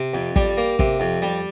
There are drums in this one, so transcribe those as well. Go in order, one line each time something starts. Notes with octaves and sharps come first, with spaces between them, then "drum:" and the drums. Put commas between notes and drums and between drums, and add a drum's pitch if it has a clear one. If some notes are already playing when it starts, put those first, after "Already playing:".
Already playing: C3
F2
G3, drum: kick
A#3
C3, drum: kick
F2
G3